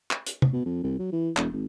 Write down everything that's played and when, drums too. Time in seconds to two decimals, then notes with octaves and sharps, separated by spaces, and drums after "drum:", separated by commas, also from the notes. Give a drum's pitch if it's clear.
0.11 drum: clap
0.26 drum: hi-hat
0.42 drum: tom C3
0.53 B2
0.66 F2
0.83 C2
0.99 F#3
1.12 E3
1.37 E1, drum: clap
1.53 G#1